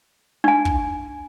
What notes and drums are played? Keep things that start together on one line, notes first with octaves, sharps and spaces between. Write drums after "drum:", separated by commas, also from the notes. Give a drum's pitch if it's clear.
D4 G#5
drum: kick